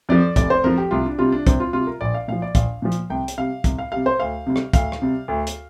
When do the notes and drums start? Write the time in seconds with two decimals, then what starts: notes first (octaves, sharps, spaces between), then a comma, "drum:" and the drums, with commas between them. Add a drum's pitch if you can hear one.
0.09 F2 F3 D5
0.36 F1 D5, drum: kick, hi-hat
0.50 C5
0.64 F2 F3 A#4
0.78 G4
0.91 C2 F4
1.06 D4
1.18 C3 G3 F4
1.32 D4
1.47 C2 C4, drum: kick, hi-hat
1.60 F4
1.73 C3 G3 F4
1.87 A#4
2.01 A#1 D5
2.14 F5
2.28 A#2 F3 F5
2.42 D5
2.55 A#1 F5, drum: kick, hi-hat
2.82 A#2 F3
2.92 drum: hi-hat
3.10 C2 G5
3.28 drum: hi-hat
3.38 C3 G3 F5
3.64 C2, drum: kick, hi-hat
3.79 F5
3.92 C3 G3 F5
4.06 C5
4.20 D2 F5
4.47 C3 G3
4.56 drum: rim click
4.73 D2 F5, drum: kick, hi-hat
4.92 drum: rim click
5.02 C3 G3
5.28 D2
5.47 drum: hi-hat